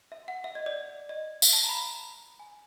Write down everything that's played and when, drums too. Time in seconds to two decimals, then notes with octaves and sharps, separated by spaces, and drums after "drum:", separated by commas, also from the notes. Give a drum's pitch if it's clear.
0.12 E5
0.28 F#5
0.44 E5
0.55 D#5
0.66 D5
1.09 D#5
1.42 F5, drum: tambourine
1.53 A5
1.64 A#5
1.69 B5
1.75 A#5
2.40 G#5